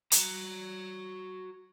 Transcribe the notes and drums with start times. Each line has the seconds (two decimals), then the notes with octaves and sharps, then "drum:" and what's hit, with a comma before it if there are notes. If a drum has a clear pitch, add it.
0.12 F#4 A#5, drum: hi-hat